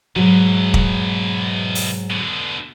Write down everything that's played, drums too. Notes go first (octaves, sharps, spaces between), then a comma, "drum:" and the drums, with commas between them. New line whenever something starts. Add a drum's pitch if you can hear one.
G#2 B2 E3 F#3
drum: kick
drum: open hi-hat
B2 D3